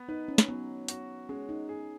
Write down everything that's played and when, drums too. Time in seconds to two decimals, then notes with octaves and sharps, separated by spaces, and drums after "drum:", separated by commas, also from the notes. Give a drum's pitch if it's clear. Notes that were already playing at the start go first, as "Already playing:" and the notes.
Already playing: B3
0.09 D#4 B4
0.28 C#4
0.38 drum: snare
0.48 F#3 B3
0.88 F#4, drum: hi-hat
1.29 G#3 C#4
1.49 D#4
1.69 G#4